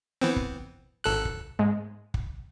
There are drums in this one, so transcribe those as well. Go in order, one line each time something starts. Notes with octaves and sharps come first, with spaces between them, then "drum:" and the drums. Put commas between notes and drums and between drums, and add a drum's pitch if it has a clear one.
E3 B3 C4
drum: kick
G#1 A4 F#6
drum: kick
G#2 G#3
drum: kick